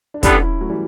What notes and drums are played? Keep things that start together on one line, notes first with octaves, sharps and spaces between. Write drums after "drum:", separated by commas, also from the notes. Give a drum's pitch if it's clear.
D4
D3 G3 B3 C#4 E4, drum: kick, hi-hat
C#4 E4
F#3 A3
E3 G3